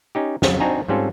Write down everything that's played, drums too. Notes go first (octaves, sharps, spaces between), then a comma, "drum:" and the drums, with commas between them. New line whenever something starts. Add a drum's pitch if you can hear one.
C#4 D#4 G4
F2 C#3 F#3, drum: snare
C4 D4 D#4 F#4 G#5 A#5
G#2 G3 C4 C#4 F4 A4